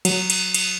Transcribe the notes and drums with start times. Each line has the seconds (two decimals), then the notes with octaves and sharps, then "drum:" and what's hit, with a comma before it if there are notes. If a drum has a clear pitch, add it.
0.05 F#3, drum: cymbal
0.30 drum: cymbal
0.54 drum: cymbal